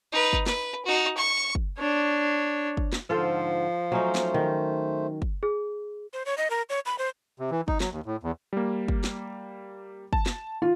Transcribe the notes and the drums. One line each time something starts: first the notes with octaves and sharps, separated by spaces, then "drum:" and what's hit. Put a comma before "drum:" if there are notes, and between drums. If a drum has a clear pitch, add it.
D#4 B4
drum: kick
B4, drum: snare
D#4 F#4
C#6
drum: kick
D4 C#5
drum: kick
drum: snare
G#2 D3 F3 F4 A4 C5
F#3 A3 C#4 D#4 C5
drum: snare
D#3
drum: kick
G#4
C5
C#5
D#5
A#4
C#5
B5
C5
C3
E3
D#4, drum: kick
F#3, drum: snare
D#2
A2
E2
G3 A#3
drum: kick
drum: snare
A5, drum: kick
drum: snare
F4